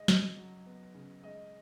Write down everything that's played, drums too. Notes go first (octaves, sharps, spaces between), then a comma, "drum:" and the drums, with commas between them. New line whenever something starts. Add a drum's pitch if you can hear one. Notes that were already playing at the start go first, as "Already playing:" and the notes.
Already playing: G#3 D#5
C#3, drum: snare
F#3
B3
C#3
G#3 D#5